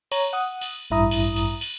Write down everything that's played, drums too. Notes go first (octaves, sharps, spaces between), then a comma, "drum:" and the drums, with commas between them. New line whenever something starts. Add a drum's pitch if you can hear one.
C#5 A#5, drum: cymbal
F#5 D#6
drum: cymbal
A1 G2 E4 A#5 D#6
drum: cymbal
drum: cymbal
drum: cymbal